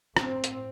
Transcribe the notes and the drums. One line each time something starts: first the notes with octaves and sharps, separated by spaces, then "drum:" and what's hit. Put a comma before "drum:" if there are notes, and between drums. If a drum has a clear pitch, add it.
A2 C4, drum: rim click
drum: hi-hat